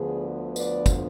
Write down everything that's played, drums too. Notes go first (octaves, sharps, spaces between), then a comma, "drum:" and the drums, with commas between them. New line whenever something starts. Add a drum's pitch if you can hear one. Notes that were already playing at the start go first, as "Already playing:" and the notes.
Already playing: D2 D3 F3 B3 D4 G#4 B4
B4 D5, drum: tambourine
drum: kick, tambourine